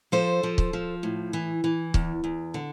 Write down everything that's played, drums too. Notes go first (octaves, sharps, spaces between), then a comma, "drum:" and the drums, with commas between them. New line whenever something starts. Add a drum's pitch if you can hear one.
F3 A4 C5
F3
drum: kick
F3
A2
E3
E3
E2, drum: kick
E2
D3